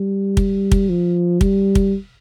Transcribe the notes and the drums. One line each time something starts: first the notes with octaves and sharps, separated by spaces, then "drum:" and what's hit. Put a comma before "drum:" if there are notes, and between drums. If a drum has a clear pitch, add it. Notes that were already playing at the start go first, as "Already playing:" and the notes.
Already playing: G3
drum: kick
drum: kick
F3
G3, drum: kick
drum: kick